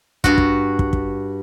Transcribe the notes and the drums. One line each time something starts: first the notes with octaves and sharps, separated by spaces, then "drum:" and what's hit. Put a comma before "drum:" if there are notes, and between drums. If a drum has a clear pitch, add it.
G2 F#4, drum: kick
drum: kick
drum: kick
drum: kick